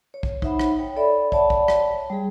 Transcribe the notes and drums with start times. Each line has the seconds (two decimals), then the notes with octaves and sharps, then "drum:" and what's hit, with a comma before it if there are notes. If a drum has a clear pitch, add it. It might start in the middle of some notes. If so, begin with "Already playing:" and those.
0.14 C#5
0.23 drum: kick
0.42 D#4 C5 E5 F#5 B5, drum: kick
0.59 drum: rim click
0.79 C#5 G5
0.96 A4 C#5 D5 E5 B5
1.32 C#5 D5 E5 F#5 A5 B5, drum: kick
1.50 drum: kick
1.68 drum: rim click
2.10 G3 G#4